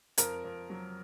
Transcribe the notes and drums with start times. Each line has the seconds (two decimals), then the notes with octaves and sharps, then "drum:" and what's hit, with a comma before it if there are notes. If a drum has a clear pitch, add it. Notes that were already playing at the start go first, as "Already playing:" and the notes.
0.18 F2 A#4, drum: hi-hat
0.44 F2
0.70 F#3